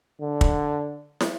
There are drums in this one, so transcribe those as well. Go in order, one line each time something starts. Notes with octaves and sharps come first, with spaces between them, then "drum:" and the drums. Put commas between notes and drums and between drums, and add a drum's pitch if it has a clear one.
D3
drum: kick
drum: snare